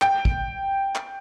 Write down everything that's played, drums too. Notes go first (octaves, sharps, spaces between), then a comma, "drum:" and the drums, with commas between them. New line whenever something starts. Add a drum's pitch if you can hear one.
G5, drum: clap
drum: kick
drum: clap